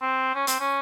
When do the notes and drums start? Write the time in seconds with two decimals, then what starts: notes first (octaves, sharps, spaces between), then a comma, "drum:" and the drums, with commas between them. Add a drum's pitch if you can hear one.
0.01 C4
0.35 C#4
0.47 C4, drum: hi-hat
0.60 C#4